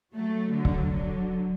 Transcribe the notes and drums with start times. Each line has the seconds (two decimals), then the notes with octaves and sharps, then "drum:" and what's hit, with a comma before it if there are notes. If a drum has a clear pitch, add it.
0.14 F#3 A3
0.53 D3 F#3
0.65 drum: kick C#1
0.92 D3 F#3